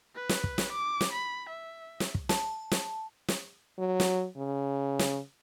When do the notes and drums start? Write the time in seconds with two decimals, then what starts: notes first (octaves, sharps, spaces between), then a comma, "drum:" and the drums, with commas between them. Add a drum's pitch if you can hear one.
0.16 B4
0.29 drum: snare
0.44 drum: kick
0.58 drum: snare
0.72 D6
1.01 drum: snare
1.13 B5
1.49 E5
2.00 drum: snare
2.15 drum: kick
2.29 A5, drum: snare
2.71 drum: snare
3.28 drum: snare
3.79 F#3
4.00 drum: snare
4.37 C#3
4.99 drum: snare